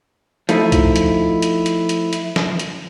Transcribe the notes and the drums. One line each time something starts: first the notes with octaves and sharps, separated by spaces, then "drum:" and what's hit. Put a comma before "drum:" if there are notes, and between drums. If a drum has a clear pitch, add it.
F3 A3 D#4 E4, drum: hi-hat
drum: kick, hi-hat
drum: hi-hat
drum: hi-hat
drum: hi-hat
drum: hi-hat
drum: hi-hat
drum: snare
drum: hi-hat